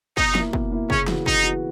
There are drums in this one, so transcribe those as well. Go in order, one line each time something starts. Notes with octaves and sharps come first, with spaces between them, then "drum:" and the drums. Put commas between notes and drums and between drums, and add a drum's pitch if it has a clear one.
B2 D#4, drum: kick
A#3 E4, drum: snare
B2, drum: kick
A#3 E4
C#3 C#4, drum: kick
E3 B3 F#4, drum: snare
C#3 D#4, drum: kick
E3 B3 F#4